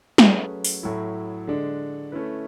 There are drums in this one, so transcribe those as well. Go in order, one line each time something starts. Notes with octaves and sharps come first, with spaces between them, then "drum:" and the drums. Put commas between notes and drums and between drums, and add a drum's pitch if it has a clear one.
F#3 A3 C#4 G#4 B4, drum: snare
drum: open hi-hat
A2 F#3 A3 E4
D3 G#3 D4
A3 C#4 E4 B4